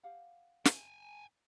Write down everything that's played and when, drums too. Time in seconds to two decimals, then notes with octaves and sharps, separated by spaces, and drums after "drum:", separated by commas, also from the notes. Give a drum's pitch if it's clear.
0.03 G4 F5 F#5
0.65 G5 G#5, drum: snare